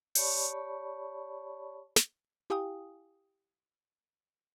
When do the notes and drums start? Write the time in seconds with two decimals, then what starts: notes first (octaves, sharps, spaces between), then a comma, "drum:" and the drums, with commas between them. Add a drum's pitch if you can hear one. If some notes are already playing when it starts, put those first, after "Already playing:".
0.15 G4 C#5 D5 A5 B5 C#6, drum: open hi-hat
1.96 drum: snare
2.50 E4 G4 F5 G5 G#5 D#6